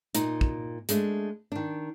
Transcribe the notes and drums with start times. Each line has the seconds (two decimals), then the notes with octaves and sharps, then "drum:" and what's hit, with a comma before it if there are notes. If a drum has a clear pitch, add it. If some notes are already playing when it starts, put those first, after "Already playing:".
0.15 A#2 D#4, drum: hi-hat
0.41 drum: kick
0.89 G#3 A3 D4, drum: hi-hat
1.52 D#3 D4